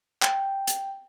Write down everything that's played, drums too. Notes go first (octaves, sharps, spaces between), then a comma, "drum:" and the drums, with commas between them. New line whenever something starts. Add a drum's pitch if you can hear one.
G5, drum: clap
drum: hi-hat